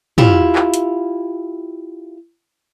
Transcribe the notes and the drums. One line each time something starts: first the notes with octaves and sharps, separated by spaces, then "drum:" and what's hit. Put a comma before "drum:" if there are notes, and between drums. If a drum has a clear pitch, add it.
E4 F4 G4, drum: tom
drum: clap
drum: hi-hat